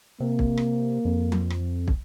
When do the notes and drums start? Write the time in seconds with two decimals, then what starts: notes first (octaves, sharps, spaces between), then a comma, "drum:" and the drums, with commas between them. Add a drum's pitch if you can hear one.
0.20 C3 A#3
0.39 drum: kick
0.57 drum: rim click
1.05 F2
1.32 drum: tom F3
1.50 drum: rim click
1.88 drum: kick